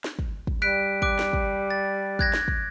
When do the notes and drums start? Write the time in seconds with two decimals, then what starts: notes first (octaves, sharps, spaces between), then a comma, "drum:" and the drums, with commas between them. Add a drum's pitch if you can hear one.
0.04 drum: snare
0.19 drum: kick
0.47 drum: kick
0.62 G3 F#6 B6 D7
1.02 D6 F#6 D7, drum: kick
1.19 drum: snare
1.33 drum: kick
1.70 A6
2.19 F#6 G#6 A#6, drum: kick
2.34 drum: snare
2.48 drum: kick